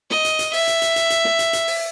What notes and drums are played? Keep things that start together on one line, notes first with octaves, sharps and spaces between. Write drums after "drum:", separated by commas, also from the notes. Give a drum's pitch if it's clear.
D#5, drum: snare
drum: hi-hat
drum: hi-hat
E5, drum: open hi-hat
drum: hi-hat
drum: hi-hat
drum: hi-hat
drum: hi-hat
drum: snare
drum: hi-hat
drum: hi-hat
drum: open hi-hat